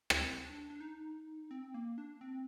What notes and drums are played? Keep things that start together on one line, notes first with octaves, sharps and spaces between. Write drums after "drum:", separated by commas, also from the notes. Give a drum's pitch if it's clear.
C4, drum: rim click
D4
D4
D#4
C4
A#3
D4
C4